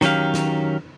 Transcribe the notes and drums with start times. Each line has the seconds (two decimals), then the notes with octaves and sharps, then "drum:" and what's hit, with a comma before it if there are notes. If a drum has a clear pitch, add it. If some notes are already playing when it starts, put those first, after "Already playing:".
0.01 D#3 F#3 C#4 G4 F5, drum: snare
0.34 drum: snare